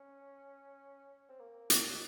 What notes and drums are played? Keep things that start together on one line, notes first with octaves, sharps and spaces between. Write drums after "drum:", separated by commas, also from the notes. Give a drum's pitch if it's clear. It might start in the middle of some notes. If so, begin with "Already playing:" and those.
Already playing: C#4
C4
A#3
G#3, drum: hi-hat
A#3
G#3